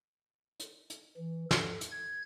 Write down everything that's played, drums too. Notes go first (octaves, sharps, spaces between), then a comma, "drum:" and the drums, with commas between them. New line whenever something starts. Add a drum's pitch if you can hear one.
drum: hi-hat
drum: hi-hat
E3
A4, drum: snare
drum: hi-hat
G#6